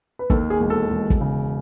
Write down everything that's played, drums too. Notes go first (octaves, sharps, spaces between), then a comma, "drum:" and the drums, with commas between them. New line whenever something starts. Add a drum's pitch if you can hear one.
B4
D#2 A4, drum: kick
G#4
E1
A4
E1
drum: kick
C#3